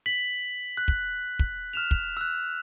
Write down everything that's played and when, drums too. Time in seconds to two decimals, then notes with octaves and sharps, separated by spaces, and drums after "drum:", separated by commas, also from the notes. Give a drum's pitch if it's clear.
0.06 B6 F#7
0.77 F#6
0.88 drum: kick
1.39 drum: kick
1.73 F6 E7 F7
1.91 drum: kick
2.17 E6 F#6